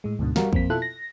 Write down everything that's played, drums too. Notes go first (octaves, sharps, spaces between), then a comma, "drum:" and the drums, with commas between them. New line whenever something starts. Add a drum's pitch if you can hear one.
A2 G#3
D2 G#2 B2 D3
G3 F#4 A#4 F5, drum: snare
F2 A#3 C4 B6, drum: kick
B2 E4 F4 A4 F#6
A#6